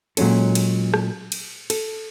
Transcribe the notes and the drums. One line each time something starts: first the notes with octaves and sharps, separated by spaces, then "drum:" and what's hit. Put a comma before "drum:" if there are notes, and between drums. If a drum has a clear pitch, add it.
A#2 F#3 G#3 C#4 A4, drum: cymbal
drum: cymbal
drum: rim click
drum: cymbal
A4, drum: cymbal